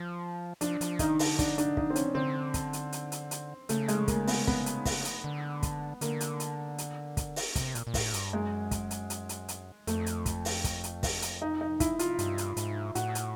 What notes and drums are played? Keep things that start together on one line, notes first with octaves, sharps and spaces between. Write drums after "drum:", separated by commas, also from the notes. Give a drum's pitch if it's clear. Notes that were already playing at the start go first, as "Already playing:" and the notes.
Already playing: F3
F3 D4, drum: hi-hat
F3, drum: hi-hat
D#3 D#4, drum: kick, hi-hat
D3, drum: open hi-hat
D4, drum: kick, hi-hat
D4, drum: hi-hat
D#4, drum: kick
C4
C#4, drum: hi-hat
D3 C4
drum: kick, hi-hat
drum: hi-hat
drum: hi-hat
drum: hi-hat
drum: hi-hat
C#3 A3, drum: hi-hat
G#3, drum: hi-hat
A#3, drum: kick, hi-hat
B3, drum: open hi-hat
B3, drum: kick
drum: hi-hat
drum: kick, open hi-hat
drum: hi-hat
D3
drum: kick, hi-hat
D3 A#3, drum: hi-hat
drum: hi-hat
drum: hi-hat
drum: hi-hat
drum: kick, hi-hat
drum: open hi-hat
C3, drum: kick, hi-hat
A#2, drum: hi-hat
A#2
A2, drum: kick, open hi-hat
G2, drum: hi-hat
F#2 G#3
drum: kick, hi-hat
drum: hi-hat
drum: hi-hat
drum: hi-hat
drum: hi-hat
F2 A3, drum: hi-hat
drum: hi-hat
drum: kick, hi-hat
drum: open hi-hat
drum: kick, hi-hat
drum: hi-hat
drum: kick, open hi-hat
drum: hi-hat
D#4
D#4
E4, drum: kick, hi-hat
F4, drum: hi-hat
G2, drum: hi-hat
drum: hi-hat
G#2, drum: hi-hat
A2 F#4, drum: hi-hat
drum: hi-hat